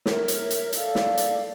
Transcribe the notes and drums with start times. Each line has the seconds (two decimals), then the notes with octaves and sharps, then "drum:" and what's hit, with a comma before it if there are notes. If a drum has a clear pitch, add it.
0.06 A#4 C#5 E5, drum: snare
0.28 drum: hi-hat
0.50 drum: hi-hat
0.73 A4 D5 F5, drum: hi-hat
0.95 drum: snare
1.17 drum: hi-hat